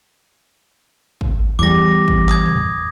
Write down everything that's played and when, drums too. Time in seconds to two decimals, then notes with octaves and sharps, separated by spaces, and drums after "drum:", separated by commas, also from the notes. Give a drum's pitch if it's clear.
1.21 drum: kick
1.59 E2 G3 D6 A#6
2.08 drum: kick
2.29 D#6 G#6, drum: clap
2.46 drum: tom